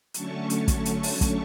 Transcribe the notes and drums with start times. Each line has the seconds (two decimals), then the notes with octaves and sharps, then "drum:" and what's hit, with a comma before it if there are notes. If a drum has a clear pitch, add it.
0.14 D3 F#3 A3 C#4 A5 C#6, drum: hi-hat
0.50 drum: hi-hat
0.68 drum: kick, hi-hat
0.85 drum: hi-hat
1.03 drum: open hi-hat
1.21 drum: kick, hi-hat